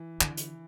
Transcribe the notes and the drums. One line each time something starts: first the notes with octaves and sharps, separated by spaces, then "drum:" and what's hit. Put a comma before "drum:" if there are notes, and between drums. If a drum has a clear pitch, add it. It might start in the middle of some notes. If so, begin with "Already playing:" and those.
Already playing: E3
D3, drum: clap
drum: hi-hat